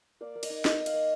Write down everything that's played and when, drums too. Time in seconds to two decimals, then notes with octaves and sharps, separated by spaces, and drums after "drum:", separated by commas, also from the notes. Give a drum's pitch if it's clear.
0.21 A#3 D5
0.35 A#3
0.43 D#5, drum: cymbal
0.50 D#4
0.65 D#4 D#5, drum: snare
0.79 D#4
0.86 F5, drum: cymbal
0.94 A#3